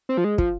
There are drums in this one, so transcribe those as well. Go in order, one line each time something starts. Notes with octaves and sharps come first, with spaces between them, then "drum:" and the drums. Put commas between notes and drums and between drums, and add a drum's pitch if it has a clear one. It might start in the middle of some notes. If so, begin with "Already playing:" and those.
C4
F3
G#3
F3, drum: kick